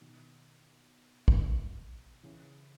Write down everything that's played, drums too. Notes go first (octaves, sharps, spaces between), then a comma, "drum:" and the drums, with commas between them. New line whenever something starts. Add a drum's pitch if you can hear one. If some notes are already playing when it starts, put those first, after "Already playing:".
B2 D#3
drum: kick
C#3 E3